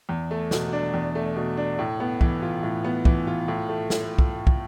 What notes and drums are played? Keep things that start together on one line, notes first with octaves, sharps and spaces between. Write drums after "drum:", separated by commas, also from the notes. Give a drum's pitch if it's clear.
E2
A3
B2, drum: snare
D4
E2
A3
B2
D4
A2
B3
E3, drum: kick
F4
A2
B3
E3, drum: kick
F4
A2
A3
drum: snare
drum: kick
drum: kick